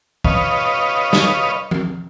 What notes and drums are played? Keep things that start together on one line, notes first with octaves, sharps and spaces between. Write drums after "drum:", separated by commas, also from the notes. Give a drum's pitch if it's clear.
B4 C#5 D#5 F5, drum: kick
drum: snare
drum: tom F3